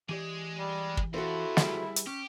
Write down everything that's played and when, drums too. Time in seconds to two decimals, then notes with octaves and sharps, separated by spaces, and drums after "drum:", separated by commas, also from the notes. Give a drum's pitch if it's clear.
0.09 E3 G#3 G4 G#4 D5
0.59 G3
0.97 drum: kick
1.14 F2 E4 F#4 A4 C5
1.57 G3 G#4 B4, drum: snare
1.96 drum: hi-hat
2.07 C#4 G4